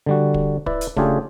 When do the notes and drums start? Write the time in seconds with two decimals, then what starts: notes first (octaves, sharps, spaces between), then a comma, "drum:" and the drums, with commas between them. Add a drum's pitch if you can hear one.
0.06 D3 G3 F#4
0.34 drum: kick
0.66 E4 B4 D5, drum: kick
0.81 drum: hi-hat
0.97 C#3 A3 D4 F4 G4 G#4, drum: kick